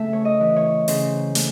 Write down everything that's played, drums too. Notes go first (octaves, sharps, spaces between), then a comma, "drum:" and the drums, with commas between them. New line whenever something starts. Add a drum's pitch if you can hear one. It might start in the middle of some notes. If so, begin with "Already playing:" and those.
Already playing: C#3 A3 E5
C#5
D#5
E3
C#5
C#3 C5, drum: open hi-hat
A3, drum: hi-hat